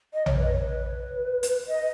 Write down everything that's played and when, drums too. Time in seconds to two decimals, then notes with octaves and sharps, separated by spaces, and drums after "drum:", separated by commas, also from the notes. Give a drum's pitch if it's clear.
0.14 D#5
0.26 C#5, drum: tom A#1
0.39 B4
0.52 C#5
0.65 B4
1.43 drum: hi-hat
1.67 D#5